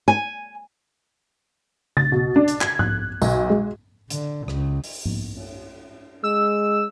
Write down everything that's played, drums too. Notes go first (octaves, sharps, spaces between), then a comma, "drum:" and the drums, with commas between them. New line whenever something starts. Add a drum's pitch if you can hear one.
G#5
A6, drum: tom C#3
B2
D4
drum: hi-hat
G#6, drum: clap
F#6, drum: tom G#2
B1, drum: tambourine
G#3
D3, drum: hi-hat
C#2, drum: rim click
drum: open hi-hat
drum: tom G#2
drum: cymbal
G#3 E6